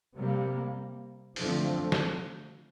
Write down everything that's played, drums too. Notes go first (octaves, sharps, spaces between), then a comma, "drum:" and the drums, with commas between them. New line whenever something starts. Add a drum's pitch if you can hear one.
C3 G3 A#3
D3 F3 A3 C4, drum: open hi-hat
drum: snare